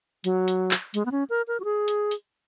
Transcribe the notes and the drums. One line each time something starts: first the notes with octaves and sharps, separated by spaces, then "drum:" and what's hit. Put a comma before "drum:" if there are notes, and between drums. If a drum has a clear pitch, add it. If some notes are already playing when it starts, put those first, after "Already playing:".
F#3, drum: hi-hat
drum: hi-hat
drum: clap
G#3, drum: hi-hat
B3
C#4
A#4
A#4
F#4
G#4
drum: hi-hat
drum: hi-hat